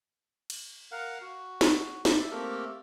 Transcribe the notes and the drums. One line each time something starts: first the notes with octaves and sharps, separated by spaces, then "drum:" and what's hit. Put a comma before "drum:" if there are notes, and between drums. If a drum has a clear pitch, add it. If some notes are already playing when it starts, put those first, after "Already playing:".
drum: cymbal
A#4 F5 F#5
F#4
drum: snare
D5 E5, drum: snare
A3 A#3 C4 G4 A4 A#4